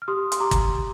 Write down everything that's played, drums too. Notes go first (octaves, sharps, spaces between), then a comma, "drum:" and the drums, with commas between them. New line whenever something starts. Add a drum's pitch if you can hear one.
F6
G4 C6 D#6
C6, drum: hi-hat
G4 A#5 D6
drum: kick G1, hi-hat